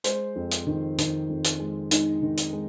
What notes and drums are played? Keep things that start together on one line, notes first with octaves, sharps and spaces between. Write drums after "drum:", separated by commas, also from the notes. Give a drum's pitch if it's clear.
G#3 C5, drum: hi-hat
F2
drum: hi-hat
D#3
D#3, drum: hi-hat
F2
drum: hi-hat
G#3
G#3 D#4, drum: hi-hat
D#3
drum: hi-hat
G#3